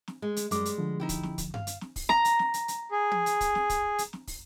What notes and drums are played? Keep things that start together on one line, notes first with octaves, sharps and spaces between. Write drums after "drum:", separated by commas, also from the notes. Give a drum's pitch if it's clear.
drum: snare
G#3
drum: hi-hat
F#2 G3 G#3 D6, drum: hi-hat
drum: hi-hat
D3 F3
D#4 E4 G4
drum: kick, hi-hat
drum: snare
drum: kick, hi-hat
F5, drum: tom G2
drum: hi-hat
drum: snare
drum: kick, open hi-hat
A#5, drum: snare
drum: hi-hat
drum: snare
drum: hi-hat
drum: hi-hat
G#4
drum: tom
drum: hi-hat
drum: kick, hi-hat
drum: snare
drum: kick, hi-hat
drum: hi-hat
drum: snare
drum: kick, open hi-hat